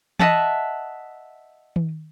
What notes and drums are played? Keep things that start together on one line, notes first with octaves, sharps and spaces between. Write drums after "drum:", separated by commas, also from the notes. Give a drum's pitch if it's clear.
D#5 E5 F#5 A5, drum: tom E3
drum: tom D#3